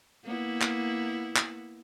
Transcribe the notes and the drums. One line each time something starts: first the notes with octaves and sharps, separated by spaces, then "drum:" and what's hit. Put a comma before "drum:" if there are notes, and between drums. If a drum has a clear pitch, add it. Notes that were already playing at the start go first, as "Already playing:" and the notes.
A#3 B3 E4
drum: clap
drum: clap